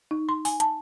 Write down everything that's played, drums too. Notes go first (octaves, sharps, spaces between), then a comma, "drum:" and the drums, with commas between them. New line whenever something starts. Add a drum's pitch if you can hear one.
D#4
C6
G#5, drum: open hi-hat
A5, drum: hi-hat